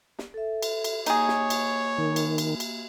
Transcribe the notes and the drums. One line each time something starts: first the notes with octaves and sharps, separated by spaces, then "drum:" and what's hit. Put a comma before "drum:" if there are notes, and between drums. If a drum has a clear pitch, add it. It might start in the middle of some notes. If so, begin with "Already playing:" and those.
drum: snare
A4 E5
drum: cymbal
drum: cymbal
A#3 D#4 G#4 C#5, drum: cymbal
drum: snare
drum: cymbal
D#3
drum: cymbal
drum: cymbal
drum: cymbal